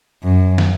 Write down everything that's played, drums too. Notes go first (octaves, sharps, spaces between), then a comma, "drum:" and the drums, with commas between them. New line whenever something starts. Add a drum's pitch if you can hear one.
F#2
drum: snare